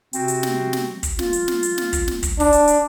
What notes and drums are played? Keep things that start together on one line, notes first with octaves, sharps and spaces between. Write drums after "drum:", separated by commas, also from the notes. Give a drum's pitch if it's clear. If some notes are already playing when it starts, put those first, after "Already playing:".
C3 C4 F#4, drum: hi-hat
drum: hi-hat
drum: snare
drum: snare
drum: kick, hi-hat
F4, drum: snare
drum: hi-hat
drum: snare
drum: hi-hat
drum: snare
drum: kick, hi-hat
drum: snare
drum: kick, hi-hat
D4, drum: kick, open hi-hat
drum: hi-hat
drum: hi-hat